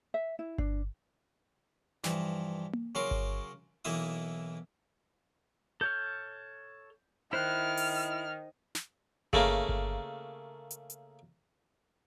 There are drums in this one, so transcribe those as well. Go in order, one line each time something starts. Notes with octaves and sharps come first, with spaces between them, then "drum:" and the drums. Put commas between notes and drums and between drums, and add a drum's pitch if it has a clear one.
E5
E4
D4, drum: kick G1
G2 E3 F3, drum: snare
drum: tom A#3
C#3 F#3 A#4 C6 D6
drum: kick G1
B1 E3 A#3 E4 E5 D#6
A4 C#5 F6 G6
D#3 E4 C5 F6 F#6
drum: open hi-hat
drum: snare
C#3 A3 A#3, drum: kick G1
drum: kick G1
drum: hi-hat
drum: hi-hat